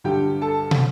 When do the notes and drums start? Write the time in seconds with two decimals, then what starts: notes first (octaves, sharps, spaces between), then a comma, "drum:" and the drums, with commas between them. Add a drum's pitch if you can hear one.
0.04 G2 D3 G3 G4 G5
0.41 A4 A5
0.71 drum: tom